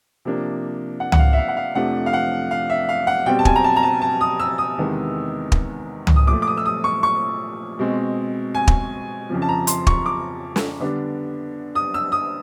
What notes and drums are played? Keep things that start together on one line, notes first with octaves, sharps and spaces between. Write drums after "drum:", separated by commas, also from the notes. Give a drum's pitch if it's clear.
C3 F3 A#3 D4
F#5
F#5, drum: tom C#2
F5
E5
F5
F#5
F5
F2 C3 F3 A3 D4 F#5
F5
F#5
F5
E5
F5
F#5
B2 G3 C4 G5
A5
G#5, drum: kick
A#5
A5
A#5
A5
A5
D#6
E6
D#6
E2 C3 D#3 G#3 B3
drum: kick
drum: tom C#2
D#6
A#2 F3 A3 D6
D6
D#6
E6
D#6
C#6
C#6
B2 G#3 C4
G#5
drum: kick
F2 C#3 F3
A5
A#5
C6, drum: hi-hat
C#6, drum: kick
D6
drum: snare
D3 G3 B3 D4
D#6
E6
D#6